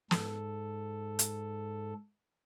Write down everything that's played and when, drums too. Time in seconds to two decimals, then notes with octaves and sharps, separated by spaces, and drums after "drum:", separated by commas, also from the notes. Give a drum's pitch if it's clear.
0.11 G#2 A4, drum: snare
1.19 drum: hi-hat